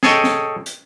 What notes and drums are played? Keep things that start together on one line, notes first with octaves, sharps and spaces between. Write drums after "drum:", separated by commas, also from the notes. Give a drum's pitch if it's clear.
G#4 A4 C#5 D#5 G5, drum: snare
drum: snare
drum: hi-hat